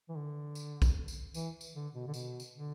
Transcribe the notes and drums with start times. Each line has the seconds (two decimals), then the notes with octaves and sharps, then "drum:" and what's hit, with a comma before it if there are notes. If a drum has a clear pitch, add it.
0.09 E3
0.16 D3
0.55 drum: tambourine
0.82 drum: kick B1, tambourine
1.08 drum: tambourine
1.34 E3, drum: tambourine
1.61 drum: tambourine
1.74 D3
1.93 B2
2.07 D3
2.14 B2, drum: tambourine
2.40 drum: tambourine
2.53 D3